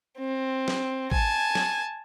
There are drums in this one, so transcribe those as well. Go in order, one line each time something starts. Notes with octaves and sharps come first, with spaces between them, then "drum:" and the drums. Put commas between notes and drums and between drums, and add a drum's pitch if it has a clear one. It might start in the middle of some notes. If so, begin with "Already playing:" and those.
C4
drum: snare
G#5 A5, drum: kick G#1
drum: snare